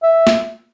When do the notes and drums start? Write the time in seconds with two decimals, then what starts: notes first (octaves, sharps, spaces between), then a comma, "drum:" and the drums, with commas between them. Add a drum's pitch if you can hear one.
0.03 E5
0.27 drum: snare